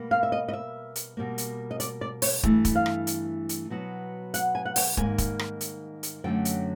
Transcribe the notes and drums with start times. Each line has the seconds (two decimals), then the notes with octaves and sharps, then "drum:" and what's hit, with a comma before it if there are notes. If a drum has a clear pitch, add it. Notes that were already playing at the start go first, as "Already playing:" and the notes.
Already playing: B2 G3 A#3
0.11 F5
0.23 E5
0.32 D#5
0.48 D#5
0.53 E5
0.96 drum: hi-hat
1.17 B2 G3 A#3
1.38 drum: hi-hat
1.71 D#5
1.80 D5, drum: hi-hat
2.01 D5
2.22 C#5, drum: open hi-hat
2.43 G2 E3 A3, drum: kick
2.65 drum: kick, hi-hat
2.75 F5
2.86 drum: rim click
3.07 drum: hi-hat
3.49 drum: hi-hat
3.70 B2 F#3 B3
4.34 F#5, drum: hi-hat
4.55 G#5
4.65 F#5
4.76 G5, drum: open hi-hat
4.97 G#2 D#3 G3 A#3 G#5, drum: kick
5.18 drum: kick, hi-hat
5.39 drum: rim click
5.61 drum: hi-hat
6.03 drum: hi-hat
6.24 F#2 D3 F#3 A3 G5
6.45 drum: hi-hat